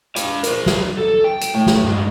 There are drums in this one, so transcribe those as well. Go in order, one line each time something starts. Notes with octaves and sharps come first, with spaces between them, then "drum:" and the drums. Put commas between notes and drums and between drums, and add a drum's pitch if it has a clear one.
B4 F5, drum: hi-hat
A#4 C5, drum: hi-hat
drum: snare
A4
G5
drum: hi-hat
A2
drum: snare
G2 G#3